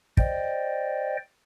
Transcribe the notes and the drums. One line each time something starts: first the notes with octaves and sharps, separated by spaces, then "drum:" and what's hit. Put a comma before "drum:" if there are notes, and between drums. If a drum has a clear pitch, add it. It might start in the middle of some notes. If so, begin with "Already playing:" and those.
C5 D5 D#5 G5, drum: kick